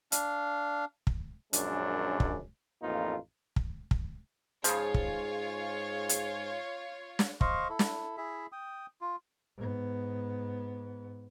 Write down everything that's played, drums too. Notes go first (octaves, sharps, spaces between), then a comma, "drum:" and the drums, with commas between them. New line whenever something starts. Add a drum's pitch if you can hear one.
D4 F5, drum: hi-hat
drum: kick
A#1 F#2 G#3 C#4 D4, drum: hi-hat
drum: kick
A1 F2 A#3 D#4 F4
drum: kick
drum: kick
G#2 C#3 F3 F4 G#4 C#5, drum: hi-hat
drum: kick
drum: hi-hat
drum: snare
C5 D#5 F5 C#6, drum: kick
E4 A4
drum: snare
E4 G#4 E5
G5 D#6
F4
G#2 B3